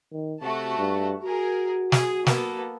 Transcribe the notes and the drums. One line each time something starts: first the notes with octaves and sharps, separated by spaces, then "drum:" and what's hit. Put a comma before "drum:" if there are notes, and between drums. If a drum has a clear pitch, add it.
D#3
C3 A3 F#4 A5
G2
F#4 G#4 A#4
G#4, drum: snare
A#3 B3 A4, drum: snare